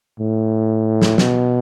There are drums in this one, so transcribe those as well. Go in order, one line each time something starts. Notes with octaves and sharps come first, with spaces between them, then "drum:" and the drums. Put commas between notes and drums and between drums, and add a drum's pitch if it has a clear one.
A2
drum: snare
B2, drum: snare